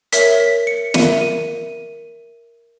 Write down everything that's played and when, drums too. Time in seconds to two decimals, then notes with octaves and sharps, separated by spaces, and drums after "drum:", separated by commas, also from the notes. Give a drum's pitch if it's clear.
0.12 A#4 C#5 E5 B6, drum: hi-hat
0.40 B6
0.67 C#7
0.94 A#4 E5 D#7, drum: snare
1.21 D#7